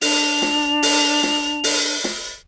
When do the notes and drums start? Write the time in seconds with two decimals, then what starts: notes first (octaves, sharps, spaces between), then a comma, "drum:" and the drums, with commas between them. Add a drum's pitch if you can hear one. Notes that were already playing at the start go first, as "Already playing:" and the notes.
0.01 D4 F7, drum: open hi-hat
0.42 drum: snare
0.83 drum: open hi-hat
1.23 drum: snare
1.64 drum: open hi-hat
2.04 drum: snare